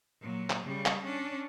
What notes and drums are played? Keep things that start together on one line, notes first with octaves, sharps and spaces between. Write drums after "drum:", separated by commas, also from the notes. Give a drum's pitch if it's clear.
A#2 F#3
drum: clap
C#3 G3
drum: clap
C#4 D4